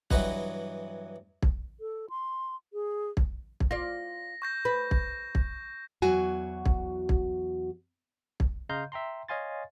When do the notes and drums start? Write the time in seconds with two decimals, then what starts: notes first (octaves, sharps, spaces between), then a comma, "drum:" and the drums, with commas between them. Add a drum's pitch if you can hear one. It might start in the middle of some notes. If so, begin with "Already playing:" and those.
0.10 G2 E3 F#3 B4 D#5 F#5, drum: kick
1.42 drum: kick
1.80 A4
2.10 C6
2.73 G#4
3.17 drum: kick
3.60 drum: kick
3.71 F4 D5 A#6
4.42 C#6 G6 A#6
4.65 B4
4.91 drum: kick
5.35 drum: kick
6.02 E2 F#3 F#4 G#5
6.66 drum: kick
7.09 drum: kick
8.40 drum: kick
8.69 C#3 D#5 F5 A#5 C6 G6
8.92 E5 G5 A#5 C6
9.29 C#5 D#5 F5 G#5 C6 A6